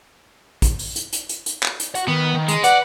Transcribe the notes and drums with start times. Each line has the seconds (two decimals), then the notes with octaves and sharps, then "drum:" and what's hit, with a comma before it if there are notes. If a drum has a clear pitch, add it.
0.62 drum: kick, hi-hat
0.79 drum: open hi-hat
0.96 drum: hi-hat
1.13 drum: hi-hat
1.29 drum: hi-hat
1.46 drum: hi-hat
1.63 drum: clap
1.80 drum: hi-hat
1.95 F#4 F#5, drum: hi-hat
2.08 D#3 B3
2.34 D#3
2.48 G#3, drum: hi-hat
2.64 B4 D5 F#5, drum: hi-hat